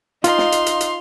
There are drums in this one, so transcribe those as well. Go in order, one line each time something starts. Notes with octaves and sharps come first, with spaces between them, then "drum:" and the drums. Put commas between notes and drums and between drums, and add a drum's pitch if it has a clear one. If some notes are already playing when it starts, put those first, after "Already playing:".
D#4 F4 F5 C6, drum: hi-hat
drum: snare
drum: hi-hat
drum: hi-hat
drum: hi-hat